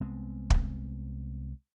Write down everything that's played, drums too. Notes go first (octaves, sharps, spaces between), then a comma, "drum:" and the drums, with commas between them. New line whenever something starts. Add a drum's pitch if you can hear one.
C2 G#3 B3 C4
drum: kick